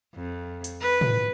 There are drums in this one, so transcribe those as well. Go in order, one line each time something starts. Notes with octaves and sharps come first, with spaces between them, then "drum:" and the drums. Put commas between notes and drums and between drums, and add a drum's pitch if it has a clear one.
F2
drum: hi-hat
B4
drum: tom